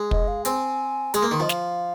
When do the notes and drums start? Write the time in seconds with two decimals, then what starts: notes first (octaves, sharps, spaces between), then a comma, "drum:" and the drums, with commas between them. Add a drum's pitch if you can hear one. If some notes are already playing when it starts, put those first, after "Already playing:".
Already playing: G#3
0.11 D#5, drum: kick
0.28 F5
0.45 C4 G#5, drum: hi-hat
1.14 G#3 C6, drum: hi-hat
1.23 A#3
1.31 D#3 C6
1.40 F3 D#5
1.49 F5, drum: snare